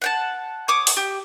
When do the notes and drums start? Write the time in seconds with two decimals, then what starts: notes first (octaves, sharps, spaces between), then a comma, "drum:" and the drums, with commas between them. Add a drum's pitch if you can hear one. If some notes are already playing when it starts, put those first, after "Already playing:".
0.02 F#5 G5 A5
0.68 C#5 D6 D#6
0.87 drum: open hi-hat
0.97 G4